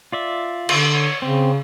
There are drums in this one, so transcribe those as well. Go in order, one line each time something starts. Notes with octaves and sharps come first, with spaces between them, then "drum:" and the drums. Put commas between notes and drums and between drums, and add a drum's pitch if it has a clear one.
F4 D5 E5
D3, drum: cymbal
C#5
C#3 C4